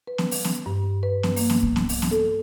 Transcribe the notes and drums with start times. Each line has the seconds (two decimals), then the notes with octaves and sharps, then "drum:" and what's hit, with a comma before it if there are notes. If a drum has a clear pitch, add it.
0.07 B4
0.18 drum: snare B3
0.31 drum: open hi-hat
0.45 drum: snare B3
0.66 G2
1.03 B4
1.23 drum: snare B3
1.36 A#3, drum: open hi-hat
1.50 drum: snare B3
1.63 drum: kick
1.76 drum: snare B3
1.89 drum: open hi-hat
2.02 drum: snare B3
2.11 A4